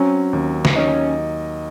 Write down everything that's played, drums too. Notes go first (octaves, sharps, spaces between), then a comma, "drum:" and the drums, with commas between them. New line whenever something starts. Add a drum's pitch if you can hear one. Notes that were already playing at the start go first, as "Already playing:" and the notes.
Already playing: F#3 C4 C#4
D#2
drum: snare
C#4 D#4